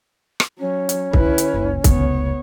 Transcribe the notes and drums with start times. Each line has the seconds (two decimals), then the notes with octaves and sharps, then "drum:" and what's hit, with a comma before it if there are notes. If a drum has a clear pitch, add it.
0.40 drum: rim click
0.59 F#3 C#4
0.89 drum: hi-hat
1.13 D3 E4 B4, drum: kick C2
1.38 drum: hi-hat
1.54 F#1 C#2
1.84 F1 C#2 B3 C#5, drum: kick C2, hi-hat